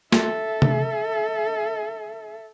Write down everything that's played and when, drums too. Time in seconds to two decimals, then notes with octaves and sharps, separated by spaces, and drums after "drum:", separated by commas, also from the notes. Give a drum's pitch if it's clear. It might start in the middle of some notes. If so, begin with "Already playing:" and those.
0.12 A4 E5, drum: snare
0.62 drum: tom C3